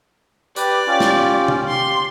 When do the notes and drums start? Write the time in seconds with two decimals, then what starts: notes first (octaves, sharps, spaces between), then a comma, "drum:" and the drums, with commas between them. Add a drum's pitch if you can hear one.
0.56 G4 B4 D5, drum: hi-hat
0.87 C#4 F4 G4
1.00 drum: snare
1.48 drum: tom C#3
1.68 G4 C6